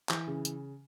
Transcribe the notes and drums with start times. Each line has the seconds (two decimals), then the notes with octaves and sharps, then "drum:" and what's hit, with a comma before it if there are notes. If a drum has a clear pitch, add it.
0.09 E3, drum: clap
0.27 C#3
0.45 drum: hi-hat